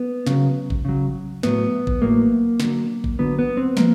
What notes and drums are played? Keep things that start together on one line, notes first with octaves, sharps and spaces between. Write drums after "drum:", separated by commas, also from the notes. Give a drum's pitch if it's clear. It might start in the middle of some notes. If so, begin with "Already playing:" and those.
Already playing: B3
C#3 F#3, drum: snare
drum: kick
C#3 F#3
A2 F#3 B3, drum: snare
drum: kick
A2 F#3 A#3
D3 F#3, drum: snare
drum: kick
D3 F#3 B3
B3
C4
F3 G#3 A#3, drum: snare